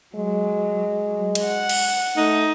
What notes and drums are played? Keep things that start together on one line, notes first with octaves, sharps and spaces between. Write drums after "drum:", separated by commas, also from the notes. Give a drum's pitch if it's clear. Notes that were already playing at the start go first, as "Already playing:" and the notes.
F#3 G#3
drum: cymbal
F#5
drum: cymbal
A3 D#4